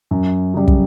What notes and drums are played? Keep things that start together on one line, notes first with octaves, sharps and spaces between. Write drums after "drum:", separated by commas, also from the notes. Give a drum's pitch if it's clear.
F#2
C#3 G3
drum: kick